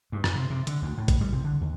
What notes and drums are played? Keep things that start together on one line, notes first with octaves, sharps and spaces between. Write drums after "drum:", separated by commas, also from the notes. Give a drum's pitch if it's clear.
G2
F#2, drum: rim click
C3
C3
D3, drum: hi-hat
D2
A2
drum: kick A1, hi-hat
G3
C3
D3
D#2